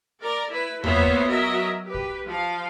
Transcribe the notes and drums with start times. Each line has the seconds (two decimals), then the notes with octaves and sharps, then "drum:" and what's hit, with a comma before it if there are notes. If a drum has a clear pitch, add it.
0.22 A#4 D5
0.51 E4 B4
0.84 A#3 B3 F4 C5 C#5 E5, drum: tom E2
1.06 drum: kick
1.28 F#3 A#4 D#5 E5
1.85 G4 B4
1.94 drum: kick
2.28 F3 F5